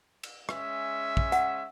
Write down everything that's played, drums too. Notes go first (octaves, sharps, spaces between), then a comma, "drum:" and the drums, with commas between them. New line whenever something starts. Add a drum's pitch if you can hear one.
drum: cymbal
G#3 C#4 E5, drum: rim click
drum: kick
F#5, drum: hi-hat